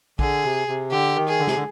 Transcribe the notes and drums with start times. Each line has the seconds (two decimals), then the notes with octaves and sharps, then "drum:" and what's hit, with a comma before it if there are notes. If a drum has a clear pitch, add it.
0.19 D3 G#4, drum: kick A#1
0.44 C3
0.68 C3
0.91 D3 G4
1.16 D#3
1.28 G#4
1.39 D3
1.47 C3, drum: snare
1.55 D3